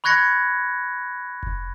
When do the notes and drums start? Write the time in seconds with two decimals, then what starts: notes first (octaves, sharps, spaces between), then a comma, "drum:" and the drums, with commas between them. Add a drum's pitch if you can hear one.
0.04 B5 C#6 F#6 G#6 A#6 C#7
1.43 drum: kick F1